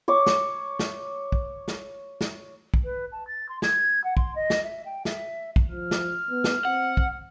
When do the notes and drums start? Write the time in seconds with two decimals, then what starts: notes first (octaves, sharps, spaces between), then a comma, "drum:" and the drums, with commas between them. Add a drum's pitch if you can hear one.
0.08 C#5 D6
0.26 drum: snare
0.79 drum: snare
1.32 drum: kick
1.68 drum: snare
2.21 drum: snare
2.74 drum: kick
2.84 B4
3.12 A5
3.27 A6
3.49 C6
3.62 G#6, drum: snare
4.04 F#5
4.17 C6, drum: kick
4.35 D#5
4.50 drum: snare
4.64 E5
4.85 G5
5.05 E5, drum: snare
5.56 drum: kick
5.71 F3 F6
5.91 drum: snare
6.30 B3
6.44 drum: snare
6.65 C4 F#5
6.97 drum: kick